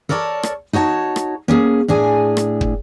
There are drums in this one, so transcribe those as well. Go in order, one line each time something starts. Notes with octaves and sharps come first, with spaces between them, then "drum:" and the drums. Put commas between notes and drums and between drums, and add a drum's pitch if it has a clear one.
A4 A#4 C#5 D5 G5 A5
drum: rim click
D#4 F#4 C#5 G#5 A5
drum: rim click
A#3 C#4 G#4
A2 D4 G#4 G#5
drum: rim click
drum: kick